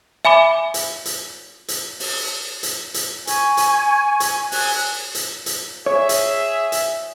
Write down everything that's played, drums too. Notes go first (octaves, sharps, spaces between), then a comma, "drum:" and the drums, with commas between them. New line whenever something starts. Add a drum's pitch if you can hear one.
E5 G#5 B5 D6
drum: hi-hat
drum: hi-hat
drum: hi-hat
drum: open hi-hat
drum: hi-hat
drum: hi-hat
G#5 C#6, drum: hi-hat
drum: hi-hat
drum: hi-hat
G#5 F#6, drum: open hi-hat
drum: hi-hat
drum: hi-hat
G#4 C#5 E5
drum: hi-hat
drum: hi-hat